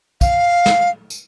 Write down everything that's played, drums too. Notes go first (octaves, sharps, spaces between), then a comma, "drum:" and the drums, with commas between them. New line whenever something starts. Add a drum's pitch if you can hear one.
F5, drum: kick, tambourine
drum: snare
drum: tambourine